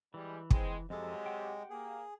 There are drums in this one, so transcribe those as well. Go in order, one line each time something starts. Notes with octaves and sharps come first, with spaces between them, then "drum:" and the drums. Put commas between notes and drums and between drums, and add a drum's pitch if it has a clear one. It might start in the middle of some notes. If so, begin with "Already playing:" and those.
E3 G3 G#3
G#3 C4, drum: kick
F2 C3 F#3 G#3 A4
G4 F#5 G5
A#3 G#4